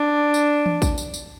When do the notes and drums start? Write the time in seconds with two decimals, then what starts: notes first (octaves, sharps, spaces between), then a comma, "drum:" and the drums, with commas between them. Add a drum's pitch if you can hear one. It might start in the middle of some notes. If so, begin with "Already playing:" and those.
Already playing: D4
0.34 drum: tambourine
0.66 drum: tom E3
0.82 drum: kick, tambourine
0.98 drum: tambourine
1.14 drum: tambourine